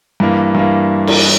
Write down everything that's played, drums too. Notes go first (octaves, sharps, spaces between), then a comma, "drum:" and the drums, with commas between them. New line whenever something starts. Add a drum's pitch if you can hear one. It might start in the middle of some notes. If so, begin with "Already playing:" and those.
G2 E3 A#3
G2 E3 A#3
drum: cymbal